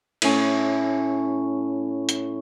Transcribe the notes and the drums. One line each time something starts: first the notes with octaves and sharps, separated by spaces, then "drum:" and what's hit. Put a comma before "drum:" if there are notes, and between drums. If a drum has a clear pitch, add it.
A2 C#4, drum: cymbal
drum: hi-hat